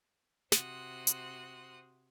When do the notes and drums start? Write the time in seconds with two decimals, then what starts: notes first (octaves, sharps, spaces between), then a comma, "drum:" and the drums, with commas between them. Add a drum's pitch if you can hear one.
0.52 C3 F#4 C5 C6 D#6 F#6, drum: snare
1.07 drum: hi-hat